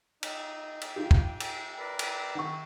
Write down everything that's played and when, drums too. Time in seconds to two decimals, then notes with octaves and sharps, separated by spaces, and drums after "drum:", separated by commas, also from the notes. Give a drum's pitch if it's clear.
0.23 D#4, drum: cymbal
0.81 drum: cymbal
0.96 D#4 F4 G4 G5
1.11 drum: kick
1.40 drum: cymbal
1.79 A#4 B4 D5
1.99 drum: cymbal
2.35 D#3 F#5 C#6